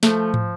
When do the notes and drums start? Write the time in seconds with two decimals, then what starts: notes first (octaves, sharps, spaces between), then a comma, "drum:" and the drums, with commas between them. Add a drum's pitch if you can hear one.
0.03 F3 A3, drum: snare
0.34 drum: tom